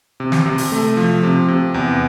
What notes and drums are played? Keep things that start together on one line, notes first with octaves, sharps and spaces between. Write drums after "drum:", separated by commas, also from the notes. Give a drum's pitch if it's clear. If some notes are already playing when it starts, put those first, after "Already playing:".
C3
drum: snare
C3
drum: open hi-hat
A3
F3
C3
C3
E2